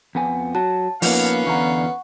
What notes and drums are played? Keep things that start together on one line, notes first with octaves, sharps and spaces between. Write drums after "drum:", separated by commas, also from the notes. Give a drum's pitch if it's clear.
F2 B3 G#5
F#3 F#4 A5
F3 A#3 B3 C#4 D#4 F4 F5, drum: open hi-hat
E2 D3 F#5 A#5 C#6